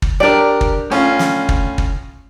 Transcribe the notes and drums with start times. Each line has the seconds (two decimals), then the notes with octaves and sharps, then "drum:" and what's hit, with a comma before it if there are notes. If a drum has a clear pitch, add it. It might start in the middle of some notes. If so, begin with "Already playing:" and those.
0.02 drum: kick
0.20 D4 G4 A#4 D5
0.61 drum: kick
0.90 A2 C#4 F4
1.19 drum: snare
1.49 drum: kick
1.78 drum: kick